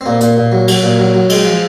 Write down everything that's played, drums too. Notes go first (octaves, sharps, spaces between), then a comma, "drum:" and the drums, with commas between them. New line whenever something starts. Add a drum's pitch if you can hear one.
C4
A#2 A#3
A#2, drum: hi-hat
A#2
F#3
F#3, drum: cymbal
A#2
F#3
F#3
G#3, drum: cymbal
F3